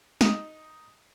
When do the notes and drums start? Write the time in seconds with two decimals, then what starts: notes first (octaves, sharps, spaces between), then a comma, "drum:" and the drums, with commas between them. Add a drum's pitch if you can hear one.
0.21 D#4, drum: snare